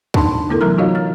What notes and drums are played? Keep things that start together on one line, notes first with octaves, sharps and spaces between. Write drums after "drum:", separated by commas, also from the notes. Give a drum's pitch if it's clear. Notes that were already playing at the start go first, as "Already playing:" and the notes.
D4 D#4 A5 B5 C6, drum: kick
D3 A3 B3 E4 A4 A#4
C3 E3 F#3 A#4 A#5 F6
D#4 F4 F#4 C#5 D#5 F5
F6 A6